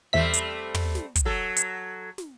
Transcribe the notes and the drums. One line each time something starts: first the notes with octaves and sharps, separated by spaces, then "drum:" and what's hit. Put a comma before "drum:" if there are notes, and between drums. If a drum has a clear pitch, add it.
E2 G3 A3 C4 E5 B6
drum: hi-hat
drum: tom
drum: snare
drum: kick, hi-hat
F#3 A4
drum: hi-hat
drum: snare